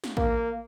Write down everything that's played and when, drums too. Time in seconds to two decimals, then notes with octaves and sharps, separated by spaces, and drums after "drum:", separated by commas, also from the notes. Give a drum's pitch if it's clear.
0.04 drum: snare
0.17 A#3, drum: kick